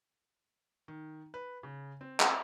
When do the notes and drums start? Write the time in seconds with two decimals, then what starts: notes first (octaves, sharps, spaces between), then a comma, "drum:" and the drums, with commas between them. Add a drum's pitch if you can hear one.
0.88 D#3
1.34 B4
1.63 C#3
2.01 C4
2.20 drum: clap